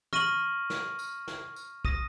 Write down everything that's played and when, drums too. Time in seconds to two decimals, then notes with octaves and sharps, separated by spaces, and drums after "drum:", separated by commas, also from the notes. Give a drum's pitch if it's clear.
0.13 C#6 F6 A#6 D#7 F#7, drum: tom
0.70 drum: snare
0.99 drum: tambourine
1.28 drum: snare
1.56 drum: tambourine
1.85 D#6 A#6 D#7, drum: kick